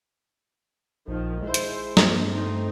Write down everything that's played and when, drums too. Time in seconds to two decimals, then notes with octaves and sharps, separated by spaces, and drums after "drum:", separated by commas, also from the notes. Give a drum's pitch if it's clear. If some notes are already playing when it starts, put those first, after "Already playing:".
1.08 A#1 D#3 F3
1.43 G#3 E4 C5
1.54 drum: hi-hat
1.97 G2 F3 A#3, drum: snare
2.26 A3 C4 D#4